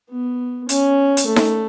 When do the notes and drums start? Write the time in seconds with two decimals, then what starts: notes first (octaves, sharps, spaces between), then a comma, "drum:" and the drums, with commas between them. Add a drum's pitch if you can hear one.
0.10 B3
0.69 C#4, drum: hi-hat
1.17 drum: hi-hat
1.26 A3
1.36 drum: snare D#4